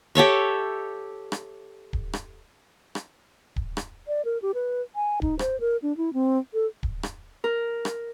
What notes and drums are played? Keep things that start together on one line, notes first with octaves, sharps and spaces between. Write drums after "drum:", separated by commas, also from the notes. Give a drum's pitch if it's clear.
G4 A4 C#5 E5
drum: rim click
drum: kick D1
drum: rim click
drum: rim click
drum: kick D1
drum: rim click
D5
A#4
G4
B4
G#5
D#4, drum: kick D1
C5, drum: rim click
A#4
D4
E4
C4
A4
drum: kick D1
drum: rim click
A#4
drum: rim click